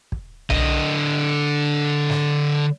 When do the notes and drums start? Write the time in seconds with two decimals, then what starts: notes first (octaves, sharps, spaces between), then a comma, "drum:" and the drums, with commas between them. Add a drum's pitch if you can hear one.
0.12 drum: kick
0.50 D3 D#5, drum: tom B1
2.10 drum: snare